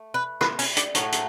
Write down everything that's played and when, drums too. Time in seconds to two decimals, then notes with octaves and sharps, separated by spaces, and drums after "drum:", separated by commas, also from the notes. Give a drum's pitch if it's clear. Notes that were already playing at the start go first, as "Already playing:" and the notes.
Already playing: A3
0.14 B4
0.41 B4, drum: rim click
0.59 C#4, drum: open hi-hat
0.77 D4, drum: hi-hat
0.95 A2 F#3 A3 C#4, drum: hi-hat
1.12 drum: hi-hat